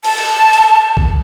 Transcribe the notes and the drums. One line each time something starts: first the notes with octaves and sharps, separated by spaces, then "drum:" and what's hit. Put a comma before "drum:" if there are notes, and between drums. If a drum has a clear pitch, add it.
A5, drum: open hi-hat
drum: cymbal
drum: hi-hat
drum: kick B1